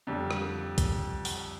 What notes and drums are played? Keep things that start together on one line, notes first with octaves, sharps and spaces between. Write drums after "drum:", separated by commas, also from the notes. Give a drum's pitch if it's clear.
F2 D3 G3
drum: rim click
drum: kick, hi-hat
drum: open hi-hat